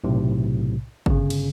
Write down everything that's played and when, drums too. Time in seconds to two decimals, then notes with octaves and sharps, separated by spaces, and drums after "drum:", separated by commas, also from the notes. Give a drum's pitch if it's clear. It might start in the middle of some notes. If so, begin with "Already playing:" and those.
0.04 B1 A2 C3
1.06 G1 C#3, drum: kick G#1
1.30 drum: cymbal